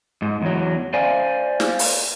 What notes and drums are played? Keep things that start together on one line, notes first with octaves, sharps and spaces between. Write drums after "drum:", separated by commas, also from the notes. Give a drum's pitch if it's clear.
G#2
E2 F#3
C5 D5 F5 G#5
drum: snare
drum: open hi-hat